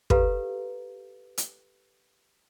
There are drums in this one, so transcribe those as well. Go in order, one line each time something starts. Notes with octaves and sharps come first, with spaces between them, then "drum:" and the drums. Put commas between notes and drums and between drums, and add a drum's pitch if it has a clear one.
G4 A4 B4 F5 A#5, drum: kick
drum: hi-hat